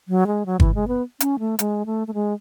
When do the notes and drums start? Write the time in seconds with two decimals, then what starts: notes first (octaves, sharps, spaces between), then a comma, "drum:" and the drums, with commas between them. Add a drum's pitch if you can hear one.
0.08 F#3
0.27 G#3
0.46 F#3
0.60 E3, drum: kick G1
0.75 G#3
0.88 B3
1.20 C#4, drum: hi-hat
1.39 A3
1.59 G#3, drum: hi-hat
1.86 A3
2.07 A3
2.14 G#3